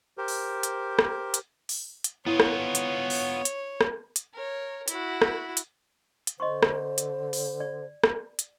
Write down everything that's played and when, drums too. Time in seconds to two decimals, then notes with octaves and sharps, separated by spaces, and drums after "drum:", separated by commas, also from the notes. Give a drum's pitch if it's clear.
0.18 G4 A#4 C5
0.28 drum: open hi-hat
0.63 drum: hi-hat
0.99 drum: rim click
1.34 drum: hi-hat
1.69 drum: open hi-hat
2.04 drum: hi-hat
2.26 B3 E4 F4 C#5 F#5 D#6
2.40 drum: rim click
2.75 drum: hi-hat
3.10 drum: open hi-hat
3.45 drum: hi-hat
3.81 drum: rim click
4.16 drum: hi-hat
4.33 A#4 C#5
4.88 E4 F#4, drum: hi-hat
5.22 drum: rim click
5.57 drum: hi-hat
6.27 drum: hi-hat
6.40 D3 C5 D#5 C6 C#6
6.63 drum: rim click
6.98 drum: hi-hat
7.33 drum: open hi-hat
7.60 D5
8.04 drum: rim click
8.39 drum: hi-hat